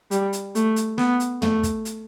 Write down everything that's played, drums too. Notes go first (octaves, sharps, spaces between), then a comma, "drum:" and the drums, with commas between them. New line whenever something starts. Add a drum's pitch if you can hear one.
G3, drum: hi-hat
drum: hi-hat
A3, drum: hi-hat
drum: hi-hat
B3, drum: snare
drum: hi-hat
A3, drum: tom
drum: kick, hi-hat
drum: hi-hat